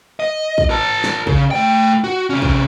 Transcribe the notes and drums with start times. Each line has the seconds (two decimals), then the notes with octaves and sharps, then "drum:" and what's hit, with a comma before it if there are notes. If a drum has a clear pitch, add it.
0.20 D#5
0.58 drum: kick
0.70 A#4 A5
1.04 drum: snare
1.27 C#3, drum: kick
1.51 A3 G5
2.04 F#4
2.30 C3 C#4
2.42 drum: kick